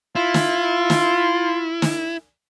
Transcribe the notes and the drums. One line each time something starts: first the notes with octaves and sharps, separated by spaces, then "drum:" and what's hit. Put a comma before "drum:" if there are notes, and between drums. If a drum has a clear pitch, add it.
E4 F4
drum: snare
drum: snare
drum: snare